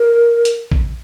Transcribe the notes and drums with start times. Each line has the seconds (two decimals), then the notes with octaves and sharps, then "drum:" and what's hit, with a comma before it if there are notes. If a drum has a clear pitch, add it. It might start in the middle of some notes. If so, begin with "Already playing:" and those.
Already playing: A#4
0.45 drum: hi-hat
0.72 drum: kick A#1